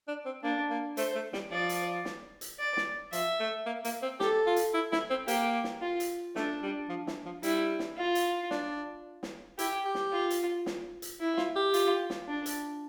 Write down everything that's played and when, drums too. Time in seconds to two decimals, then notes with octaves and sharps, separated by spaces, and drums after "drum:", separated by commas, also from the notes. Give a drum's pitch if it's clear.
0.08 D4
0.26 C4
0.44 A#3 D4
0.70 A#3
0.97 A3 C5, drum: hi-hat
1.15 A3
1.33 G3, drum: snare
1.51 F3 D5
1.69 drum: hi-hat
2.05 drum: snare
2.41 drum: hi-hat
2.59 D5
2.77 drum: snare
3.13 F3 E5, drum: hi-hat
3.40 A3
3.66 A#3
3.85 A#3, drum: hi-hat
4.03 C4
4.20 G4 A4, drum: snare
4.47 F4
4.56 drum: hi-hat
4.74 E4
4.92 E4, drum: snare
5.10 C4
5.28 A#3 G4, drum: hi-hat
5.64 drum: snare
5.82 F4
6.00 drum: hi-hat
6.36 A3 D4, drum: snare
6.63 G3
6.89 F3
7.07 E3, drum: snare
7.26 F3
7.43 G3 E4, drum: hi-hat
7.79 drum: snare
7.97 F4
8.15 drum: hi-hat
8.51 D4, drum: snare
9.23 drum: snare
9.59 E4 G4, drum: hi-hat
9.85 G4
9.95 drum: snare
10.12 F4
10.30 drum: hi-hat
10.66 drum: snare
11.02 drum: hi-hat
11.20 E4
11.37 F4, drum: snare
11.56 G4
11.74 F4, drum: hi-hat
12.10 drum: snare
12.28 D4
12.46 drum: hi-hat